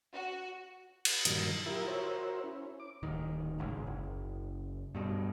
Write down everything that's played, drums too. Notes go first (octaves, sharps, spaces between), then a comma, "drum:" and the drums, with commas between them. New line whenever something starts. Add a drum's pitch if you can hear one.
F#4
drum: cymbal
G2 A#2 D#3 F#3, drum: hi-hat
E4 F4 G4 A#4 E5
F#4 A#4 C5 C#5 E5
C#4 E4
D6
D1 D#3
D1 G#1 C#2
F#1
G2 B2